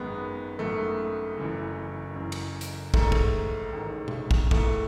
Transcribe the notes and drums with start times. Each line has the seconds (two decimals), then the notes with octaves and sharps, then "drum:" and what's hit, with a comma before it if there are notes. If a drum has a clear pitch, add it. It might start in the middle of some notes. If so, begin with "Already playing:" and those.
Already playing: G#1 F#2 D#3 G#3 B3
0.59 G#1 F#2 D#3 A3
1.37 F#1 F#2 E3
2.16 F#1 F#2 E3
2.32 drum: cymbal
2.61 drum: hi-hat
2.94 A1 G#2 D#3 A3, drum: kick
3.12 drum: kick
3.72 A1 G#2 D#3
4.08 drum: tom B2
4.31 drum: kick
4.51 G#1 G#2 E3 A3, drum: kick